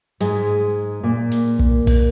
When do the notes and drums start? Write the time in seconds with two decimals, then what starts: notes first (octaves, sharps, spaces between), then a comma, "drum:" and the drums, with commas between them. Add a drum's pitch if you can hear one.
0.20 G#2 G#3, drum: hi-hat
1.03 A#2 A#3
1.32 drum: hi-hat
1.59 drum: kick
1.87 drum: kick, open hi-hat